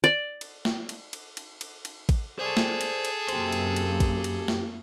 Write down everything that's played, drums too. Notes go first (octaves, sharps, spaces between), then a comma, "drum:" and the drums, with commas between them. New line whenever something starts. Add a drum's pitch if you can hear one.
D5
drum: cymbal
drum: snare
drum: cymbal
drum: cymbal
drum: cymbal
drum: cymbal
drum: cymbal
drum: kick A1, cymbal
G#4 A4 C5 D5
drum: snare
drum: cymbal
drum: cymbal
F#2 A#3 G4 C5, drum: cymbal
drum: cymbal
drum: cymbal
drum: kick A1, cymbal
drum: cymbal
drum: snare